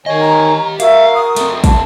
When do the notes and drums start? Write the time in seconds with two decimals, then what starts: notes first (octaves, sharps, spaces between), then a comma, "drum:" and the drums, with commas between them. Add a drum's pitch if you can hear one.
0.06 D#3 G4 C#5 D#5 G#5
0.20 A#5
0.80 F#4 A#4 E5 F5, drum: hi-hat
1.15 D#6
1.36 A3 C4, drum: hi-hat
1.64 A5, drum: kick, hi-hat